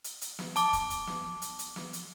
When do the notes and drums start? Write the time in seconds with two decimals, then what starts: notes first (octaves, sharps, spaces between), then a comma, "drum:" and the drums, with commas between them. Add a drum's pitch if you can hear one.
0.04 drum: hi-hat
0.21 drum: hi-hat
0.39 drum: snare
0.56 A5 D6, drum: hi-hat
0.73 drum: kick, hi-hat
0.90 drum: hi-hat
1.07 drum: snare
1.42 drum: hi-hat
1.59 drum: hi-hat
1.76 drum: snare
1.93 drum: hi-hat